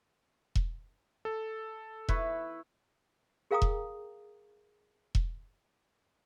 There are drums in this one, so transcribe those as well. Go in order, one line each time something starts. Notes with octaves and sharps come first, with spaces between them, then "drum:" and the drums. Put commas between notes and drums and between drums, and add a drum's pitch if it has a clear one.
drum: kick E1
A4
E4 B4 C#6, drum: kick E1
G#4 A#4 F5 G5 A#5 D#6
drum: kick E1
drum: kick E1